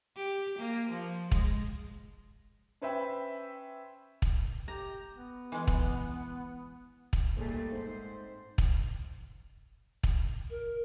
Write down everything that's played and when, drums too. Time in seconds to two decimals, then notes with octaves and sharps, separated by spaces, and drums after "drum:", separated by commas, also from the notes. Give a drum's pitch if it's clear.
0.16 G4
0.59 A#3
0.89 F3
1.31 G#3, drum: kick
2.81 C#4 B4 C5 E5 G5 B5
4.22 drum: kick
4.68 G4 A#5
5.16 B3
5.52 E3 G#3
5.67 drum: kick
7.13 drum: kick
7.37 A#2 G3 A3 D#4 G#4 A4 C5
7.72 G#2 C4 D#4 C5
8.58 drum: kick
10.03 drum: kick
10.50 A#4